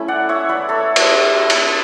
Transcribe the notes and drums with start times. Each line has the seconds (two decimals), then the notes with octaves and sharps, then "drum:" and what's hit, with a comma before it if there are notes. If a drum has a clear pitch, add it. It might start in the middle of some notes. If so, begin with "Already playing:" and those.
Already playing: A3 C#4 E4
0.08 D5 F#5
0.29 C#5 E5
0.49 B4 D5
0.69 A4 C#5
0.96 drum: cymbal
1.50 drum: cymbal